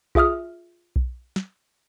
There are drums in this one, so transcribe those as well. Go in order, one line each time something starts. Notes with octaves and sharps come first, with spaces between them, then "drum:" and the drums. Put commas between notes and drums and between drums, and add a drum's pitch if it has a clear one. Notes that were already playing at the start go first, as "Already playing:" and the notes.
F4 G#4 E5 D#6 F6, drum: kick B1
drum: kick B1
drum: snare